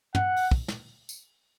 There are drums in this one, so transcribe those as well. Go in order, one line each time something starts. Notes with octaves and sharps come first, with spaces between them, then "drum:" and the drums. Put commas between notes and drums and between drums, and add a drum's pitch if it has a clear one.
F#5, drum: tom
drum: open hi-hat
drum: kick
drum: snare
drum: tambourine